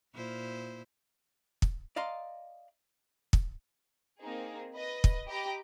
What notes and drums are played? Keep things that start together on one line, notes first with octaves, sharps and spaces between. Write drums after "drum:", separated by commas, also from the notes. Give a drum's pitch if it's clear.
A#2 E4 C5
drum: kick
D5 D#5 F5 A#5 C6
drum: kick
A#3 C4 D#4 G#4
B4 D#5
drum: kick
G4 D#5 G5 A#5 B5 D6